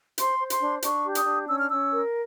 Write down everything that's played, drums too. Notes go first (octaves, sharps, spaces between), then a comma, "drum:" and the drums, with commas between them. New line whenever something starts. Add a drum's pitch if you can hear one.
C5 C6, drum: hi-hat
C5
C6, drum: hi-hat
D4
D4 C#6, drum: hi-hat
G4
D#6, drum: hi-hat
D4
C#4 E6
F6
C#4 E6
A#4